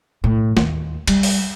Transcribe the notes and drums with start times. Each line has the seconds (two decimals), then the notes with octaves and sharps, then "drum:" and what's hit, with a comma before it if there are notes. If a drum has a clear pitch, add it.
0.24 A2
0.57 D#2, drum: snare
1.08 G3, drum: cymbal
1.23 drum: open hi-hat